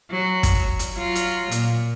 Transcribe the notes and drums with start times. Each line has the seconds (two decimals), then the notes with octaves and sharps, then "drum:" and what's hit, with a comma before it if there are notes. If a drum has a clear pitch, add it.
0.11 F#3
0.43 drum: kick, hi-hat
0.79 drum: hi-hat
0.94 F#3 F4
1.15 drum: hi-hat
1.51 A#2, drum: hi-hat